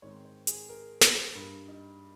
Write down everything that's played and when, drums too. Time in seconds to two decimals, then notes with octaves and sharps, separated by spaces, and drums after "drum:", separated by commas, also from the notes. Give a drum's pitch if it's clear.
0.02 G#2 D#3 G#3 C4 C#5
0.25 C5
0.47 G#4, drum: hi-hat
0.69 A#4
1.01 C5, drum: snare
1.35 G2 G3 A#3 A#4
1.68 D#4